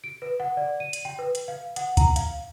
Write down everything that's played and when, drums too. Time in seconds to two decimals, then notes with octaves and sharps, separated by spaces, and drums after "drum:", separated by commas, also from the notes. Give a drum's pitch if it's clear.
0.04 D7
0.22 B4
0.40 F#5
0.57 D5
0.80 D#7
0.93 drum: hi-hat
1.05 G5
1.19 B4
1.35 drum: hi-hat
1.48 F5
1.76 F#5, drum: hi-hat
1.97 A#5, drum: kick, hi-hat
2.16 F5, drum: hi-hat